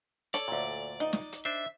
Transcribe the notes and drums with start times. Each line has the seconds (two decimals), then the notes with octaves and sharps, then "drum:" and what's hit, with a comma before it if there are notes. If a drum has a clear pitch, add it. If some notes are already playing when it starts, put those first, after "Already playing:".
0.34 A4 C#5 D5, drum: hi-hat
0.48 D2 A#2
1.00 D#4
1.13 drum: snare
1.32 drum: hi-hat
1.45 D4 C5 E5